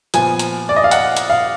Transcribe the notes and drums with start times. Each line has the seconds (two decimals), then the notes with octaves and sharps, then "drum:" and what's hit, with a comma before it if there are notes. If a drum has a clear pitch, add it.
0.14 A#2 F3 B3 G#5, drum: hi-hat
0.39 drum: hi-hat
0.69 D5
0.76 D#5
0.84 F5
0.91 F#5, drum: hi-hat
1.17 drum: hi-hat
1.30 F5